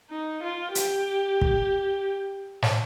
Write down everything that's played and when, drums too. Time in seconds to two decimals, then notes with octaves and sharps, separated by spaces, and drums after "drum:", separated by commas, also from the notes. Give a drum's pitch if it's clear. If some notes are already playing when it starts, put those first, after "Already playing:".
0.10 D#4
0.43 F4
0.75 G4, drum: hi-hat
1.42 drum: kick
2.62 drum: snare